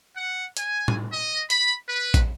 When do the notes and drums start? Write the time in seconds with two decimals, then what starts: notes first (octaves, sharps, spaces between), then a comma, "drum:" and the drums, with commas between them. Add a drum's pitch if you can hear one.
0.16 F#5
0.57 G#5, drum: hi-hat
0.88 drum: tom A2
1.13 D#5
1.50 B5, drum: hi-hat
1.87 B4
2.14 drum: kick, hi-hat